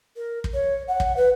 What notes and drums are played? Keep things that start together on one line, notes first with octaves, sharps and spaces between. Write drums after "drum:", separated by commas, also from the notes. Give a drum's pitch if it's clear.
A#4
drum: kick
C#5
F#5
drum: kick
B4